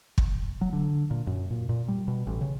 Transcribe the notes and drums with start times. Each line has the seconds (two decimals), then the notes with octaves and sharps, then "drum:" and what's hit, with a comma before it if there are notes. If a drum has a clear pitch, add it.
0.18 drum: kick
0.61 F#3
0.73 D3
1.11 A#2
1.27 F#2
1.50 A#2
1.69 A#2
1.88 G3
2.08 B2
2.27 A1
2.41 C#3